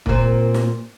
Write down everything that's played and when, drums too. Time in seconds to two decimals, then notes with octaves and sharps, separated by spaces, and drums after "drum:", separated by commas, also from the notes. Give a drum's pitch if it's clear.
0.06 A#2 C4, drum: kick
0.54 drum: snare